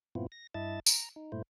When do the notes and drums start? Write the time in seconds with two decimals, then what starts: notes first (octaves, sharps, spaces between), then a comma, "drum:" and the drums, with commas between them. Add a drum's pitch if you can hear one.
0.15 G2 A#2 B3 C4 E4 F4
0.32 A#6
0.54 G2 E4 D#5 E5 A5 A6
0.86 A#5, drum: tambourine
1.16 D#4
1.32 G2 A#2 A3 E4 C5